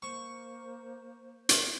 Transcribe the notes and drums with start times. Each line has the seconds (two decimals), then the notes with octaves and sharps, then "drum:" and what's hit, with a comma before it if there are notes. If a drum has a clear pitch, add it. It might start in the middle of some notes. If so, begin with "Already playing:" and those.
0.02 A#3 C5 C#6
1.49 drum: hi-hat